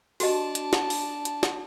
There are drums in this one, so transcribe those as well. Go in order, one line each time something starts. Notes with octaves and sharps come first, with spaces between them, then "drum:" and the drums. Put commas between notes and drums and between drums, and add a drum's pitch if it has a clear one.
D4 F#4 G4 D#5 A5, drum: open hi-hat
drum: hi-hat
drum: snare
drum: open hi-hat
drum: hi-hat
drum: snare